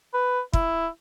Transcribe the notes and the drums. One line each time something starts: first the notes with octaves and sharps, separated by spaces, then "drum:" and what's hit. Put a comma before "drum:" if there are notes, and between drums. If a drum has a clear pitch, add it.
B4
E4, drum: kick